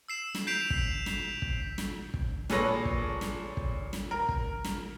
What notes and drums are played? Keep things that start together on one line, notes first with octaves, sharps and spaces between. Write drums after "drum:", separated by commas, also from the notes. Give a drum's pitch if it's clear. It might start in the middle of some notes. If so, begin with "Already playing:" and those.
E6 C7 E7
drum: snare
G6 B6 C7 D7 E7 F7
drum: kick
drum: snare
drum: kick
drum: snare
drum: kick
A#2 G#4 A4 B4 C#5 A#6, drum: snare
drum: kick
drum: snare
drum: kick
drum: snare
A#4
drum: kick
drum: snare